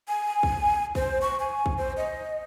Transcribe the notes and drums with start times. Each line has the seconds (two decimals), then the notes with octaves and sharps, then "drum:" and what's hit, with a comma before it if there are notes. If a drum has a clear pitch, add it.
0.08 G#5
0.43 drum: kick A#1
0.95 C5, drum: kick A#1
1.22 C#6
1.39 G#5
1.66 drum: kick A#1
1.78 C5
1.97 D#5